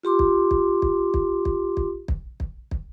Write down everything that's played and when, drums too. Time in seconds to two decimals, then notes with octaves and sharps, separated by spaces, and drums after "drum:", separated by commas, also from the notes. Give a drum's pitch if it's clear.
0.03 F4 G4 C6 D6
0.19 drum: kick
0.51 drum: kick
0.82 drum: kick
1.14 drum: kick
1.45 drum: kick
1.77 drum: kick
2.08 drum: kick
2.40 drum: kick
2.71 drum: kick